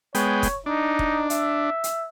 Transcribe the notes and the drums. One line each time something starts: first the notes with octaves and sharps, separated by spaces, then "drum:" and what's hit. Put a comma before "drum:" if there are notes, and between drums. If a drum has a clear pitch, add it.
G#3 B3 C#5 G5, drum: hi-hat
drum: kick, hi-hat
D4 D#4
drum: kick
E5, drum: hi-hat
drum: hi-hat